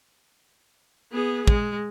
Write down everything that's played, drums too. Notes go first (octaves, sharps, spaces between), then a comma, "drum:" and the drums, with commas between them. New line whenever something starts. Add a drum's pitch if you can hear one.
B3 G#4
G#3, drum: kick